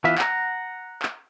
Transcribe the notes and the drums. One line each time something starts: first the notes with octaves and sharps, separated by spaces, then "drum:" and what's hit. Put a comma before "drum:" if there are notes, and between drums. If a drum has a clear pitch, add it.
E3 B3 F4 E5
F#5 A#5, drum: clap
drum: clap